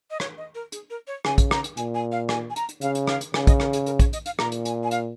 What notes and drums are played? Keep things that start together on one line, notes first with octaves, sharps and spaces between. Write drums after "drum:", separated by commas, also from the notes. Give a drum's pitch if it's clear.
D#5
C#5, drum: rim click
D#5
A#4
G#4, drum: hi-hat
A#4
C#5
C#3 G#5, drum: rim click
drum: kick, hi-hat
A#5, drum: rim click
drum: hi-hat
A#2 G#5, drum: hi-hat
G#5
F5
G#5, drum: rim click
G#5
A#5, drum: hi-hat
drum: hi-hat
C#3 F5, drum: hi-hat
drum: hi-hat
F5, drum: rim click
drum: hi-hat
C#3 G#5, drum: rim click
D#5, drum: kick, hi-hat
A#4, drum: rim click
G#4, drum: hi-hat
A#4, drum: hi-hat
C#5, drum: kick, hi-hat
D#5, drum: hi-hat
F5, drum: hi-hat
A#2 A#5, drum: rim click
drum: hi-hat
G#5, drum: hi-hat
G#5
F5, drum: hi-hat